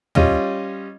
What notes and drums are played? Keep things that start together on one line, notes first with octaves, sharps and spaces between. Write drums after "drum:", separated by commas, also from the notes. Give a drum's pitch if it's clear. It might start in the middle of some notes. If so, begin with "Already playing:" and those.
G3 C#4 F4 D#5, drum: tom